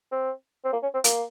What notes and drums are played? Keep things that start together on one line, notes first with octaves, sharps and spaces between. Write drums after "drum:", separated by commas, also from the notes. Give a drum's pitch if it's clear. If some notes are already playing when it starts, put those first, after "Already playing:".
C4
C4
A#3
C#4
C4
A#3, drum: hi-hat